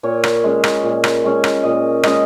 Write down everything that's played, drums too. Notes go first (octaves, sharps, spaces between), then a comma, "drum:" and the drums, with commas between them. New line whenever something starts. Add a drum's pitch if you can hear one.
A#2 C#5
drum: rim click
G#3 C#4
drum: rim click
A#2
drum: rim click
G#3 C#4
drum: rim click
A#2 D#5
G#3 C#4 D#5, drum: rim click